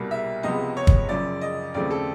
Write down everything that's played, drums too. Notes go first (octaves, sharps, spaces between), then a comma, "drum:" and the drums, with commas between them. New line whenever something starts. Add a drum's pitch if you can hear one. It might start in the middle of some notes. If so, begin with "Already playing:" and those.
Already playing: C2 B2 G3 A#3
E5
C#2 C3 F3 G#3 B3 D#5
C#5
drum: kick
F#2 C#3 F3 D5
D#5
D#2 C#3 F3 A3 C4 D5
A4